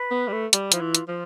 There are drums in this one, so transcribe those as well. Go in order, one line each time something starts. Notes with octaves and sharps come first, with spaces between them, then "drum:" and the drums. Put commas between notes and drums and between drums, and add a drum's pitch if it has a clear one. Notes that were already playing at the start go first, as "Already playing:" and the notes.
Already playing: B4
B3
G3
A3
G3, drum: hi-hat
F3 E4, drum: hi-hat
E3 F4
drum: hi-hat
F3 F4